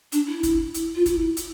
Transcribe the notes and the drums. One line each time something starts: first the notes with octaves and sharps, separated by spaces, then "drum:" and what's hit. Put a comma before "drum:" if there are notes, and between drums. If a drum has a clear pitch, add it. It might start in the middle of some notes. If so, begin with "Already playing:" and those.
D4, drum: hi-hat
E4
drum: kick, hi-hat
drum: hi-hat
F4
E4, drum: kick, hi-hat
drum: hi-hat